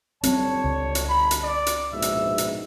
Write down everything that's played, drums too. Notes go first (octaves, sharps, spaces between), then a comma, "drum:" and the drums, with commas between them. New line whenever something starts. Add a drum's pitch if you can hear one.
G1 G3 B3 C4 C#5 A5, drum: hi-hat
C#2
drum: hi-hat
B5
drum: hi-hat
D5
drum: hi-hat
A#1 G#2 B2 E5
drum: hi-hat
drum: hi-hat